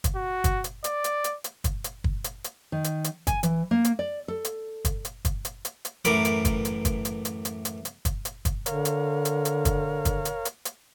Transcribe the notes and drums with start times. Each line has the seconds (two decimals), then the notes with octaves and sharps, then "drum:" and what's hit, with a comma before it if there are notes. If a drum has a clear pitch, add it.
0.04 drum: kick, hi-hat
0.15 F#4
0.44 drum: kick, hi-hat
0.64 drum: hi-hat
0.84 D5, drum: hi-hat
1.04 drum: hi-hat
1.24 drum: hi-hat
1.44 drum: hi-hat
1.64 drum: kick, hi-hat
1.84 drum: hi-hat
2.04 drum: kick
2.24 drum: hi-hat
2.44 drum: hi-hat
2.72 D#3
2.84 drum: hi-hat
3.04 drum: hi-hat
3.27 G#5, drum: kick, hi-hat
3.43 E3, drum: hi-hat
3.71 A#3
3.84 drum: hi-hat
3.99 D5
4.28 A4
4.45 drum: hi-hat
4.85 drum: kick, hi-hat
5.05 drum: hi-hat
5.25 drum: kick, hi-hat
5.45 drum: hi-hat
5.65 drum: hi-hat
5.85 drum: hi-hat
6.05 F#2 A2 E3 A#4 B5 D6, drum: hi-hat
6.25 drum: hi-hat
6.45 drum: kick, hi-hat
6.65 drum: hi-hat
6.85 drum: kick, hi-hat
7.05 drum: hi-hat
7.25 drum: hi-hat
7.45 drum: hi-hat
7.65 drum: hi-hat
7.85 drum: hi-hat
8.05 drum: kick, hi-hat
8.25 drum: hi-hat
8.45 drum: kick, hi-hat
8.66 D3 A#4 C#5 F5, drum: hi-hat
8.85 drum: hi-hat
9.25 drum: hi-hat
9.45 drum: hi-hat
9.65 drum: kick, hi-hat
10.05 drum: kick, hi-hat
10.25 drum: hi-hat
10.45 drum: hi-hat
10.65 drum: hi-hat